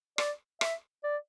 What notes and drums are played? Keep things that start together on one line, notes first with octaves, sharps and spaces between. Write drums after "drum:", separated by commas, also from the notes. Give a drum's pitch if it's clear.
D5, drum: rim click
E5, drum: rim click
D5